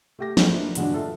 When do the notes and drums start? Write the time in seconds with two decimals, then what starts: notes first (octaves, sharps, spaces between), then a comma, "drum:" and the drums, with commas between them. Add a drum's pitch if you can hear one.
0.19 A3 G4 A#6
0.37 B3 C#4 D#4 F4 A4, drum: snare
0.50 F3 A3 A#3 D4 E4
0.75 E2 G2 D3 F#3 G#3 D4, drum: hi-hat
0.94 F4 A4 E5 A5